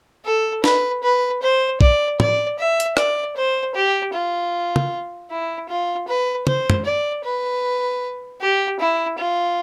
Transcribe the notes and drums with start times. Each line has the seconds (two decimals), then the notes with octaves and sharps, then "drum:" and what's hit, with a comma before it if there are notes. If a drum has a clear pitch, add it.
0.25 A4
0.64 B4, drum: snare
1.03 B4
1.42 C5
1.81 D5, drum: kick A#1
2.20 D5, drum: tom
2.59 E5
2.80 drum: hi-hat
2.97 D5, drum: rim click
3.36 C5
3.75 G4
4.14 F4
4.76 drum: tom
5.30 E4
5.69 F4
6.08 B4
6.47 C5, drum: tom
6.70 drum: tom
6.85 D5
7.24 B4
8.41 G4
8.80 E4
9.18 F4